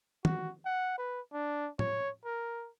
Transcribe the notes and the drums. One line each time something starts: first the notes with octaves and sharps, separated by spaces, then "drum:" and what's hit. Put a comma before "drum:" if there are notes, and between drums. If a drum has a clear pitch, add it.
F#4, drum: tom
F#5
B4
D4
C#5, drum: tom A2
A#4